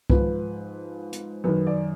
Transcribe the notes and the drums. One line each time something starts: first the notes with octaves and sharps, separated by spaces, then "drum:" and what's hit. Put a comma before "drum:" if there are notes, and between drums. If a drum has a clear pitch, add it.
G#2 F3 B4, drum: kick C2
drum: hi-hat
F#2 D#3 B4
D5